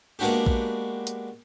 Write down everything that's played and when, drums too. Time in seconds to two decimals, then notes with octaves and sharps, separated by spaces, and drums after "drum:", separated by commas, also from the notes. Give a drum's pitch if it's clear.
0.19 G#3 A#3 B3 D4 F#4 G4
0.46 drum: kick A1
1.07 drum: hi-hat